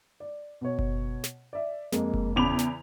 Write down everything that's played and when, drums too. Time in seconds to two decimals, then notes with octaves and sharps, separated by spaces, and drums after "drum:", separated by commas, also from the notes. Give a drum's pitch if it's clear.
0.20 D5
0.61 B2 C#5
0.79 drum: kick F#1
1.24 drum: snare
1.53 D5 E5
1.92 F2 G#3 A#3, drum: snare
2.14 drum: kick F#1
2.36 E2 C#3 B5 D6 F7
2.59 drum: snare